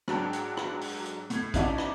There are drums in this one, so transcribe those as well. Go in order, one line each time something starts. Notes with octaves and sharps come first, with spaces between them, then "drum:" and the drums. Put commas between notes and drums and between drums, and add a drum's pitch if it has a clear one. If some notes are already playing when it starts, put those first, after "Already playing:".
G#2 F#3 D4 G5 A5, drum: rim click
drum: hi-hat
drum: rim click
drum: open hi-hat
drum: hi-hat
A2 G#6, drum: hi-hat
C#4 D#4 E4 F#4 D5 A5, drum: kick A#1, hi-hat
drum: rim click